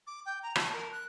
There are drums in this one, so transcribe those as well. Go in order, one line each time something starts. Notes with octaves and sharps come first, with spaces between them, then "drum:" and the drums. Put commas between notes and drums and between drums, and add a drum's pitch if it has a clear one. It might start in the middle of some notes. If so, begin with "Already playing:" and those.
D6
G5
A#5
A5, drum: rim click
A#4
F#6